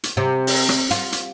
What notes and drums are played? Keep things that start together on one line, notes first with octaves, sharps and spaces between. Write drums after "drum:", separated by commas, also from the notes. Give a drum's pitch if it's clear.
drum: hi-hat
C3
drum: open hi-hat
drum: rim click
F4, drum: hi-hat
drum: hi-hat